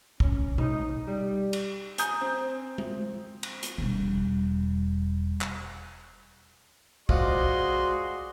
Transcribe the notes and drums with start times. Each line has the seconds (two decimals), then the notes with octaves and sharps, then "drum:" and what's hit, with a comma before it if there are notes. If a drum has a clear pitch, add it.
0.20 C#4, drum: kick
0.58 D#4, drum: tom B2
1.07 G3
1.53 drum: cymbal
1.98 G#5 A#5 D#6 G6, drum: hi-hat
2.21 C4
2.78 drum: tom G#3
3.43 drum: cymbal
3.63 drum: hi-hat
3.78 E1 G3
5.41 drum: clap
7.09 F3 G#3 F#4 G#4 D5 D#5 C6, drum: kick